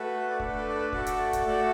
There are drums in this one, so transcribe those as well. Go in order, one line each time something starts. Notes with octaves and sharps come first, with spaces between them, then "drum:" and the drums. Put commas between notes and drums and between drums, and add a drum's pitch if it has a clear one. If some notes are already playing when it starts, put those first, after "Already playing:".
Already playing: A3 F#4 A4 B4
D5
A3 D4 A4 B4, drum: kick
B4
D5
B4
A3 F#4 A4 D5, drum: kick
drum: hi-hat
drum: kick, hi-hat
A3 F#4 A4 D5